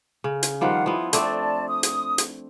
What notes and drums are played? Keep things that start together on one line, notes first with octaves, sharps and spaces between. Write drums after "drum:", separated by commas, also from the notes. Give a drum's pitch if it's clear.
C#3
drum: hi-hat
D#3 F3 G3 C5 F5 F#5
F3 B3 E4
A3 C4 D4 D5 A5, drum: hi-hat
D#6
drum: hi-hat
drum: hi-hat